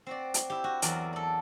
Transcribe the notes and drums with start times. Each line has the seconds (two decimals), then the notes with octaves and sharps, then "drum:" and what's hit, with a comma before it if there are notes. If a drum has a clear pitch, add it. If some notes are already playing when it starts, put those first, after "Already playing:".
0.07 C4 F#4 D5
0.34 drum: hi-hat
0.50 E4 G4
0.64 F#4
0.82 E2 F#3 F#4 A#4 D5, drum: hi-hat
1.13 A4 D5